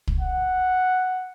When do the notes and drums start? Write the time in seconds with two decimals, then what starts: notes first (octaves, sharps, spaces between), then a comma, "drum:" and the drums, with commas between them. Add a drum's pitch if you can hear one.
0.07 drum: kick
0.20 F#5